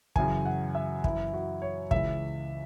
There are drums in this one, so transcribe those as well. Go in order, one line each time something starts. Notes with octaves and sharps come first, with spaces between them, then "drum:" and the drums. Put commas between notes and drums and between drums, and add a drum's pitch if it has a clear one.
F#2 C#3 E3 G#5, drum: kick
F#5
E5
F#2 E3 E4, drum: kick
F#4
C#5
C#2 C#3 E3 E5, drum: kick